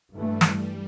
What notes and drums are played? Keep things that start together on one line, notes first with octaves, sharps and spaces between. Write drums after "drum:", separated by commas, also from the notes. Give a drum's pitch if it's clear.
G2 E3 G3 A3
drum: snare